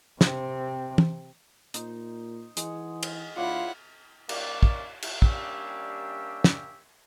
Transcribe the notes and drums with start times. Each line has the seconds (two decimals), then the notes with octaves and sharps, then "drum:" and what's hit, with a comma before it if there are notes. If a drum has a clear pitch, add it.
0.21 C3 C4, drum: snare
0.98 drum: tom
1.74 A#2 D#4 C5, drum: hi-hat
2.57 E3 G#3 F#5, drum: hi-hat
3.03 drum: cymbal
3.37 D2 E4 F4 B4 C#5 D5 F#5
4.29 D#3 A#3 C#4 D5, drum: cymbal
4.63 drum: kick
5.02 drum: cymbal
5.22 G3 A#3 C#4 D4 G4 E5, drum: kick
6.44 drum: snare